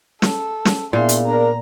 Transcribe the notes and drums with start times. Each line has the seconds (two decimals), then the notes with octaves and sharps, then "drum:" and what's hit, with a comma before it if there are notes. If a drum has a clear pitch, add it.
0.22 A4, drum: snare
0.65 drum: snare
0.93 A#2 B3 D4 E4 G#4 F5 C6
1.09 drum: hi-hat
1.26 D4 A#4 A#5